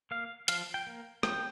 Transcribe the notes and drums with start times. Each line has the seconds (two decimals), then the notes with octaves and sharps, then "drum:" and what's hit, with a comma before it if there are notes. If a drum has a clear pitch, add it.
0.11 A#3 F5
0.48 F3 F5, drum: hi-hat
0.74 G5
0.87 A#3
1.23 F3 G5, drum: rim click